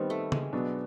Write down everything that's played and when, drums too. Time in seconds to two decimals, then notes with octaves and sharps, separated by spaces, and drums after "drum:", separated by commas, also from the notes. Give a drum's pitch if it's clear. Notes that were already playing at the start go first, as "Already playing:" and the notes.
Already playing: D#3 G3 B3 C4 D#4
0.10 A3
0.32 G#3, drum: tom C#3
0.53 B2 F#3 B3 D4